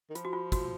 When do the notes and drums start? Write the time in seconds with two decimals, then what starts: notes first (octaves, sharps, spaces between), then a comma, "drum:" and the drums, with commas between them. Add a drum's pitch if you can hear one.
0.10 D#3
0.15 F3 F4, drum: hi-hat
0.25 F#4
0.33 F4
0.52 F#4, drum: kick, hi-hat